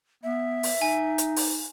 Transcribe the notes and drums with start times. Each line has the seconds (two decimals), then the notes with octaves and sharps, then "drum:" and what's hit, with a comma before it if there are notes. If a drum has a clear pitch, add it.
0.23 B3 E5
0.63 drum: open hi-hat
0.82 D#4 G#5
1.18 drum: hi-hat
1.36 drum: open hi-hat